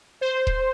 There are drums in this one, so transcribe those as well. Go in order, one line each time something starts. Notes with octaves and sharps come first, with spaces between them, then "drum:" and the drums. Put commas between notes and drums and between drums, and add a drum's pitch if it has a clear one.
C5
drum: kick D#1